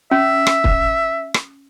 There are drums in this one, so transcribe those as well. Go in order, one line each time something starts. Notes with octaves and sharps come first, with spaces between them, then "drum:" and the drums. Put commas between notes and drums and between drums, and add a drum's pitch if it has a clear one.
C#4 E5
drum: rim click
drum: kick
drum: rim click